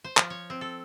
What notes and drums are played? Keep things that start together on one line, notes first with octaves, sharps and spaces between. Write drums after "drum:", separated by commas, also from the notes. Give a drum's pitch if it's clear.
C5
F3, drum: clap
C#5
C4
A4